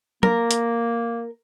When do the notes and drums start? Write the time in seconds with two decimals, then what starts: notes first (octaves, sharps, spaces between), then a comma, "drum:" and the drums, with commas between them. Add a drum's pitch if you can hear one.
0.23 A#3 A#4, drum: tom
0.51 drum: hi-hat